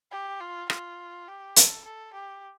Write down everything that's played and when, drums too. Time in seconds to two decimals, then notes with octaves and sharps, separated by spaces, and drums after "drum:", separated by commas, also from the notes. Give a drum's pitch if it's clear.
0.11 G4
0.40 F4
0.70 F4, drum: rim click
1.28 G4
1.56 A4, drum: hi-hat
1.85 A4
2.13 G4